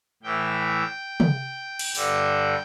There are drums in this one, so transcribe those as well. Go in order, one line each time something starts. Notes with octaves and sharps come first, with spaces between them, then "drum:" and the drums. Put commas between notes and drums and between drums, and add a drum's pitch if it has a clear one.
A2 E3 G5
drum: tom
drum: cymbal
G2 D3 G5, drum: open hi-hat